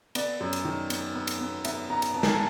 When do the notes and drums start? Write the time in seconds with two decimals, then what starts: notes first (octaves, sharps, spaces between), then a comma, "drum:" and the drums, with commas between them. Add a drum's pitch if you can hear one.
0.15 B3 D5, drum: cymbal
0.40 F#2
0.53 drum: cymbal
0.65 D#3
0.90 B3, drum: cymbal
1.15 B3
1.27 drum: cymbal
1.40 B3
1.65 B3 E5, drum: cymbal
1.90 B3 A#5
2.02 drum: cymbal
2.14 B3 A5
2.23 G#5, drum: snare
2.31 A5